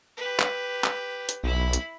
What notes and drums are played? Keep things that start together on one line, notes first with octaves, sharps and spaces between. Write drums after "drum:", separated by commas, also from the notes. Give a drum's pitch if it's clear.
G4 B4
drum: clap
drum: clap
drum: hi-hat
B1 E4 B5
drum: hi-hat